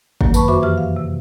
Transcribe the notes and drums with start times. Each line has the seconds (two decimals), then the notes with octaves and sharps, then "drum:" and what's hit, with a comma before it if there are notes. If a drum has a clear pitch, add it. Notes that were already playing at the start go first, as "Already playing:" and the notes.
0.21 F#2 D#3 F#3 A#3, drum: kick
0.34 B4 A5 B5 C#6, drum: tambourine
0.48 F2 F#4 C5 E5 C#6 D6
0.62 E3 G4 E5 F6
0.78 F5
0.96 C3